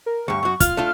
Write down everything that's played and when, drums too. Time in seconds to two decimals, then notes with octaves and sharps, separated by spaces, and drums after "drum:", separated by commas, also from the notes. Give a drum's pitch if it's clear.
0.06 A#4
0.28 D2 G2 C#6
0.43 F#2 F#4
0.60 F4 F6, drum: kick, hi-hat
0.77 A3 D4 F4